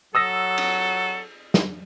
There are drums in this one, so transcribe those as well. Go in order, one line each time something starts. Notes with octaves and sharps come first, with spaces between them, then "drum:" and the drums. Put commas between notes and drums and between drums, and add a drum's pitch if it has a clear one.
F#3 A4 D#6 E6 A#6
drum: cymbal
drum: snare